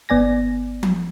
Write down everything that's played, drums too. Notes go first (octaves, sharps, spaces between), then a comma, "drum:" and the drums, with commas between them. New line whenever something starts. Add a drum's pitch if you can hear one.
G1 B3 D5 G#5 A#6
drum: tom F3